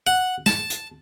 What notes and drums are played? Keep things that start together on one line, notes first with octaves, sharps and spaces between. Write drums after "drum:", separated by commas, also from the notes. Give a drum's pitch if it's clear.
F#5
A5, drum: snare
drum: hi-hat